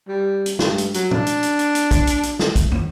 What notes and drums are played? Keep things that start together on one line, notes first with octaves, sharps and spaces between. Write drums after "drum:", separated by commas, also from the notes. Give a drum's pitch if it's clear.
G3
drum: hi-hat
G2, drum: snare
drum: hi-hat
F#3, drum: hi-hat
D4, drum: tom
drum: hi-hat
drum: hi-hat
drum: hi-hat
drum: hi-hat
drum: kick, hi-hat
drum: hi-hat
drum: hi-hat
drum: snare
drum: kick, hi-hat
drum: tom